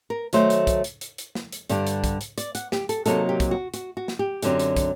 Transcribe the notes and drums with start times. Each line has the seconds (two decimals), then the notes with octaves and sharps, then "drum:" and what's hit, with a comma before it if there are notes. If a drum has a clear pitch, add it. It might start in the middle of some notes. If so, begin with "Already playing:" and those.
0.10 A#4
0.33 D#3 F#3 A3 C5, drum: hi-hat
0.50 drum: hi-hat
0.67 drum: kick, hi-hat
0.84 drum: hi-hat
1.01 drum: hi-hat
1.18 drum: hi-hat
1.35 drum: snare
1.52 drum: hi-hat
1.69 G2 D3 G3 D4, drum: hi-hat
1.87 drum: hi-hat
2.04 drum: kick, hi-hat
2.21 drum: hi-hat
2.38 D5, drum: hi-hat
2.55 F#5, drum: hi-hat
2.72 G4, drum: snare
2.89 A4, drum: hi-hat
3.06 C3 F#3 A#3 D#4 A4, drum: hi-hat
3.29 G4
3.40 drum: kick, hi-hat
3.51 F#4
3.74 F#4, drum: hi-hat
3.97 F#4
4.08 drum: snare
4.19 G4
4.43 F#2 D3 F#3 C4, drum: hi-hat
4.59 drum: hi-hat
4.76 drum: kick, hi-hat